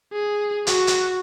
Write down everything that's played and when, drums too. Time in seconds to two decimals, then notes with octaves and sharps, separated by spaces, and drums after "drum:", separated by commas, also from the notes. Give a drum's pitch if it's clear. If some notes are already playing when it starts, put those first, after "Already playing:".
0.13 G#4
0.67 F#4, drum: hi-hat
0.87 drum: hi-hat